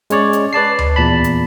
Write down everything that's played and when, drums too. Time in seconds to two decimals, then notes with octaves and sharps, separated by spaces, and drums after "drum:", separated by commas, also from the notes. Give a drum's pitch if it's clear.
0.10 G#3 C#4 C#5 D5, drum: hi-hat
0.33 drum: hi-hat
0.53 B4 D5 A5 C7
0.79 drum: tom D2
0.96 E2 A#2 A5 B5
1.24 drum: hi-hat